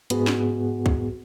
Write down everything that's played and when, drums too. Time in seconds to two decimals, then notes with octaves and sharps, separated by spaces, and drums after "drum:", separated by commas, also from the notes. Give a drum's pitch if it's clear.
0.10 G#2 B3 F#4 G#4, drum: hi-hat
0.27 drum: snare
0.86 drum: kick